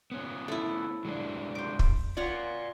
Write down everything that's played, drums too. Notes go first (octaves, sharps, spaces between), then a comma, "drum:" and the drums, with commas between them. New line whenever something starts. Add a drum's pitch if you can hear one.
B3 C#4 F4
A3 E4
F#3 G#3 D4
C5 D6
drum: kick
F4 C#5 D5 F5 F#5